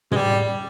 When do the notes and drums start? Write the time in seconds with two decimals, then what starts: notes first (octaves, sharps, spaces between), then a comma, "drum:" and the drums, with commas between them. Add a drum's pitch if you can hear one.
0.11 G#3, drum: tom
0.16 G3